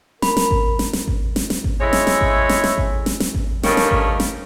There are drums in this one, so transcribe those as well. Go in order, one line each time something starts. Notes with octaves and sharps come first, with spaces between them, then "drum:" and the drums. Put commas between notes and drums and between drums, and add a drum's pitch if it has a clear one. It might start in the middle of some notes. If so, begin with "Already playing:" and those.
A#4 B5, drum: snare
drum: snare
drum: kick G#1
drum: snare
drum: snare
drum: kick G#1
drum: snare
drum: snare
drum: kick G#1
G#3 A3 E4 C#5
drum: snare
drum: snare
drum: kick G#1
drum: snare
drum: snare
drum: kick G#1
drum: snare
drum: snare
drum: kick G#1
G2 D#3 A3 A#3 C#4, drum: snare
drum: snare
drum: kick G#1
drum: snare